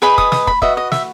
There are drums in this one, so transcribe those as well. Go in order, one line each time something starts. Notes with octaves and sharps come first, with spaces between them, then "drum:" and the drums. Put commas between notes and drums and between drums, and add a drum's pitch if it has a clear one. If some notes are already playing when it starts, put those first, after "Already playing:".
G#4 B4 D#5 B5
D#6, drum: kick
D#6, drum: snare
B5, drum: kick
F#4 B4 D#5 E5, drum: kick
D#5
E5, drum: snare